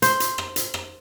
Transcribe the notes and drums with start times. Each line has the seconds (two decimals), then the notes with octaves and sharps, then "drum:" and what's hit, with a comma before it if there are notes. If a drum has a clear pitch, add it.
0.02 C5, drum: hi-hat
0.20 drum: hi-hat
0.38 drum: rim click
0.56 drum: hi-hat
0.74 drum: rim click